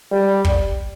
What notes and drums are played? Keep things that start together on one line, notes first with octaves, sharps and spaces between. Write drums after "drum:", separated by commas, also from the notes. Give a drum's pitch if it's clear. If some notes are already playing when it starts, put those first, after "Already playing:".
G3
drum: kick